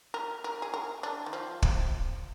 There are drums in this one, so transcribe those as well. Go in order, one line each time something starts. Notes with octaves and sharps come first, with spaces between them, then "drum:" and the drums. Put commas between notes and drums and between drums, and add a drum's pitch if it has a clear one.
A#4
A#4
G#4
A#4
D4
D#3
F3
drum: kick